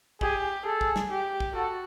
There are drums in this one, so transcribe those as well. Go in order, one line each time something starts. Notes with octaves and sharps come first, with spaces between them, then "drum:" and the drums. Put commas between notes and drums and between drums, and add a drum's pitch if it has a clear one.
G4 G#4, drum: kick
G#4 A4
drum: kick
drum: snare
G4
drum: kick
F#4 A4